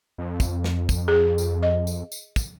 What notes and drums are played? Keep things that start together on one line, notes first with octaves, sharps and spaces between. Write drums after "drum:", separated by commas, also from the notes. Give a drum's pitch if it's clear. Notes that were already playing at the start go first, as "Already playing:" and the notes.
F2
drum: kick, tambourine
drum: snare
drum: kick, tambourine
G#4
drum: tambourine
D#5
drum: tambourine
drum: tambourine
drum: kick, tambourine